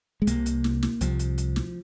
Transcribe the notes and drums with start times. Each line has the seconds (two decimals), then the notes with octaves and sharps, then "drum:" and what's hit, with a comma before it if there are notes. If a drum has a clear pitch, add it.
0.22 G#3
0.27 C2 C3 A#3, drum: hi-hat
0.46 drum: hi-hat
0.64 drum: snare
0.83 drum: snare
1.01 C2 C3 F3, drum: hi-hat
1.19 drum: hi-hat
1.38 drum: hi-hat
1.56 drum: snare